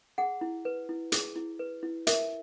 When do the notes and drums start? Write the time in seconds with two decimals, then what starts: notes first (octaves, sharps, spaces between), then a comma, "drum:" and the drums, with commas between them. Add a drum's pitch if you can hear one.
0.18 G#4 F#5
0.41 E4
0.65 B4
0.89 E4
1.12 G#4, drum: hi-hat
1.36 E4
1.59 B4
1.83 E4
2.07 A#4 E5, drum: hi-hat